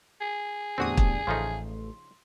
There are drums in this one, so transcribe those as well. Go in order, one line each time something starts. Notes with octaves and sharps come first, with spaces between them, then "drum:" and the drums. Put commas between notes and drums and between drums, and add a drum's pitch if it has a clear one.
G#4
E2 A2 D3 C4 D4 F#4 G4 D#6
drum: kick
A1 C#3 F3 A3 D#4 C6